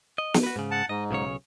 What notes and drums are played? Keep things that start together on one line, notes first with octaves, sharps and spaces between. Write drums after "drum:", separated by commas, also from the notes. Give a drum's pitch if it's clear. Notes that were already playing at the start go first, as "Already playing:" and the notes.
D#5
drum: snare
F#4 B4
G#2 C#3
F#5 A5
G#2 D#5
B1 C#3 C#5